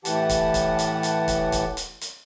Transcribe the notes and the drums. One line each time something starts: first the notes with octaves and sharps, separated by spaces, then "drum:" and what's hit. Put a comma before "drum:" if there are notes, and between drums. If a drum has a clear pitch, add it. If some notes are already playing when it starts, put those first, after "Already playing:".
A2 E3 G4 F#5 A5, drum: hi-hat
drum: kick, hi-hat
drum: kick, hi-hat
drum: hi-hat
drum: hi-hat
drum: kick, hi-hat
drum: kick, hi-hat
drum: hi-hat
drum: hi-hat